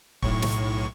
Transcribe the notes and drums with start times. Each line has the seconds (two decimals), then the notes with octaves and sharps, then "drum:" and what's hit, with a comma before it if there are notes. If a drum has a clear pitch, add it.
0.23 B1 A2 C#6, drum: kick
0.42 drum: snare